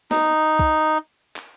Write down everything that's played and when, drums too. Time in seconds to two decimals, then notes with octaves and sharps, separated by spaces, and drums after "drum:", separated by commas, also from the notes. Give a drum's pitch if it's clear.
0.11 D#4, drum: snare
0.59 drum: kick
1.36 drum: clap